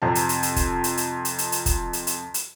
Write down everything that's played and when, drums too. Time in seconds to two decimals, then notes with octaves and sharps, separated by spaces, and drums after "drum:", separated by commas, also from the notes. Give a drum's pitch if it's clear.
0.02 F2 C3 A5
0.15 drum: hi-hat
0.29 drum: hi-hat
0.43 drum: hi-hat
0.56 drum: kick, hi-hat
0.84 drum: hi-hat
0.97 drum: hi-hat
1.25 drum: hi-hat
1.38 drum: hi-hat
1.52 drum: hi-hat
1.66 drum: kick, hi-hat
1.93 drum: hi-hat
2.07 drum: hi-hat
2.34 drum: hi-hat